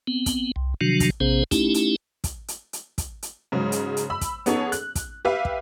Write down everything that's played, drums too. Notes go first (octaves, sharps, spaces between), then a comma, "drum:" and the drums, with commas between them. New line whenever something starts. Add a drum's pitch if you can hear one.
B3 C4
drum: kick, hi-hat
C2
C3 D#3 F3 F#3 D4 F#4
drum: kick, hi-hat
A#1 C3 B3 C#4 G#4 C5
A3 C#4 D#4 E4 G4, drum: kick, hi-hat
drum: hi-hat
drum: kick, hi-hat
drum: hi-hat
drum: hi-hat
drum: kick, hi-hat
drum: hi-hat
G#2 C#3 F#3 G#3
drum: hi-hat
drum: hi-hat
B5 E6
drum: kick, hi-hat
B3 C#4 D#4 G#4 A4 C#5, drum: hi-hat
F#6, drum: hi-hat
drum: kick, hi-hat
G4 B4 E5 F5
drum: kick